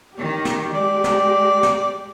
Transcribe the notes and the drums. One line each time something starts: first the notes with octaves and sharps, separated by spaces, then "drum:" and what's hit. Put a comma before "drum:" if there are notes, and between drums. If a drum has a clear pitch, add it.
D#3 G4
drum: snare
G#3 D5
drum: snare
drum: snare